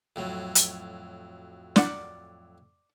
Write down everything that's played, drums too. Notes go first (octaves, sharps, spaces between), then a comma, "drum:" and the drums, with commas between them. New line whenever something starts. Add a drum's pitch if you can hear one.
F2 A2 F#3
drum: hi-hat
D5 F#5, drum: snare